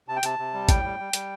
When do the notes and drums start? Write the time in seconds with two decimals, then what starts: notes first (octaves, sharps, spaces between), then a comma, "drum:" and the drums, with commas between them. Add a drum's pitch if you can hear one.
0.08 C3 A5
0.16 G5
0.23 C3 A5, drum: hi-hat
0.39 C3
0.54 G3
0.69 A2 G5, drum: kick, hi-hat
0.84 G3
0.99 G3
1.13 G3, drum: hi-hat